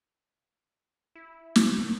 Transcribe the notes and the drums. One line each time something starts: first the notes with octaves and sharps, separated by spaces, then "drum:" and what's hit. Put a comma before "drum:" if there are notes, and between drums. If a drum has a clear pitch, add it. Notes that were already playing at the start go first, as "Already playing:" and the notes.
E4
drum: snare
A2 D#3 F#3